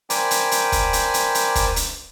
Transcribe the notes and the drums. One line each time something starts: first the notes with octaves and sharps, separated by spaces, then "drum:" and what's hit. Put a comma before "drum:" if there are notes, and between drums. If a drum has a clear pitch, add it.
A#4 C5 D5 G5 G#5 B5, drum: hi-hat
drum: hi-hat
drum: hi-hat
drum: kick, hi-hat
drum: hi-hat
drum: hi-hat
drum: hi-hat
drum: kick, hi-hat
drum: hi-hat